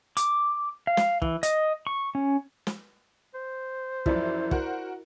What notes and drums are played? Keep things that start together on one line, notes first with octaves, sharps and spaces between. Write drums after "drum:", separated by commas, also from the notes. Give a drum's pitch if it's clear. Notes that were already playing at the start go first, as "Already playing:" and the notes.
D6, drum: hi-hat
F5
drum: snare
E3, drum: kick
D#5, drum: hi-hat
C#6
C#4
drum: snare
C5
F#2 E3 F3 E4 D5, drum: kick
F#4 A#4, drum: kick